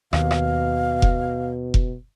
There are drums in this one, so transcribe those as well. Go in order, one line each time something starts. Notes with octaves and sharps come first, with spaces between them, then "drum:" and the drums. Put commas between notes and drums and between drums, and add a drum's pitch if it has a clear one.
D#2 B2 F5, drum: rim click
drum: rim click
drum: kick F1
drum: kick F1